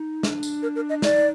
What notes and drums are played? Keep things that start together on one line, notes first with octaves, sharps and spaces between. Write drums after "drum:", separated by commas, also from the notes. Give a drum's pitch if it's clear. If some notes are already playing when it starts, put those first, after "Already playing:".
Already playing: D#4
D4, drum: snare
drum: tambourine
A#4
A#4
D#5
D#4 D5, drum: snare